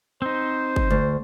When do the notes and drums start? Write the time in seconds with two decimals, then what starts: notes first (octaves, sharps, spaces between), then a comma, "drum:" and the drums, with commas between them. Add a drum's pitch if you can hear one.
0.22 C4 D#4 C5
0.76 drum: kick G1
0.90 D2